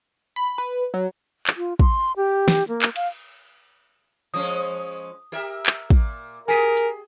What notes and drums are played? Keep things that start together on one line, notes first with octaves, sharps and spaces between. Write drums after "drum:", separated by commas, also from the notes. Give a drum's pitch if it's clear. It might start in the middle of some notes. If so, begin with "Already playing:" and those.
B5
B4
F#3
drum: clap
F4
C6, drum: kick
G4
drum: snare
A#3
drum: clap
F5, drum: cymbal
F3 G#3 C#4 D#6
G4 A#4 E5
drum: clap
A#2, drum: kick
G4 G#4 A#4 G#5 B6 D#7
drum: hi-hat